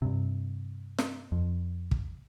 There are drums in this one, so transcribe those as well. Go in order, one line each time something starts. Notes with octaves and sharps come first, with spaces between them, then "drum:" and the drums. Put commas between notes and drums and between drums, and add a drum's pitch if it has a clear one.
G2 C3
drum: snare
F2
drum: kick